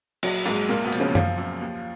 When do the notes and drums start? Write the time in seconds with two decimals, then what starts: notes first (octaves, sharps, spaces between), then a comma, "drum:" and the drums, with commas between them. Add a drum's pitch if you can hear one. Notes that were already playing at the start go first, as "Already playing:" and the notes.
0.23 A#1 F#3, drum: cymbal
0.46 A#1 G#2 G#3
0.69 C#2 A#2 A#3
0.85 B2 B3
0.93 F3, drum: open hi-hat
1.00 C#3 C#4
1.15 F#2 F3 F4, drum: tom F#2
1.38 F#2
1.62 D#2